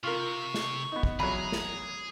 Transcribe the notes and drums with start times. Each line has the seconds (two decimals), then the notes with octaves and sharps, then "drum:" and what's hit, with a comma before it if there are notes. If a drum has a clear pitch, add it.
0.04 C3 F4 A#4 C#6
0.54 drum: snare
0.92 B3 D#4
1.03 drum: kick
1.20 E2 F#3 G#4 A#5 B5
1.52 drum: snare